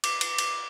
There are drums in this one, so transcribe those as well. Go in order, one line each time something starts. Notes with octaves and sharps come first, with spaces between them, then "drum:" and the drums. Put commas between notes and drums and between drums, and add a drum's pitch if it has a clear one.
D6, drum: cymbal
drum: cymbal
drum: cymbal